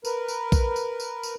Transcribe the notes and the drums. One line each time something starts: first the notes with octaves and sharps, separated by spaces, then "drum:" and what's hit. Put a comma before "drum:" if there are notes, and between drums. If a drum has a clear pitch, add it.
A#4 B4, drum: tambourine
drum: tambourine
drum: kick A#1, tambourine
drum: tambourine
drum: tambourine
drum: tambourine